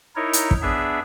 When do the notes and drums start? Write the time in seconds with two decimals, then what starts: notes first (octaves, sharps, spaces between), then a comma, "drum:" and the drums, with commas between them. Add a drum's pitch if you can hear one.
0.16 D#4 E4 A#4 C#5
0.33 drum: hi-hat
0.51 drum: kick
0.62 B3 D4 G#4 E5